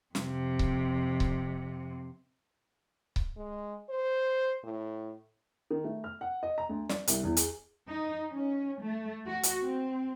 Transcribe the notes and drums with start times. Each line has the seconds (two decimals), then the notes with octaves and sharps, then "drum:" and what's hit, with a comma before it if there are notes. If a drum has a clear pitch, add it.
0.15 F2 C3, drum: snare
0.59 drum: kick C#1
1.20 drum: kick C#1
3.16 drum: kick C#1
3.37 G#3
3.89 C5
4.64 A2
5.71 D#3
5.84 A3
6.04 F6
6.21 F#5
6.43 D#5
6.58 A#5
6.69 D2
6.89 D5, drum: snare
7.07 C2, drum: hi-hat
7.24 E2
7.37 G#4, drum: hi-hat
7.89 D#4
8.31 C#4
8.81 A3
9.26 F#4
9.43 drum: hi-hat
9.65 C4